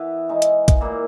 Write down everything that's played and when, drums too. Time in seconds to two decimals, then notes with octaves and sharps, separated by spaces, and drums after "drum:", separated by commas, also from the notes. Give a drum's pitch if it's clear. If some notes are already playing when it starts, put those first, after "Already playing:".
Already playing: E3 B3 E4 B4
0.29 E3 G#3 D#4
0.42 drum: hi-hat
0.68 drum: kick A#1, hi-hat
0.81 A#2 A#3 E4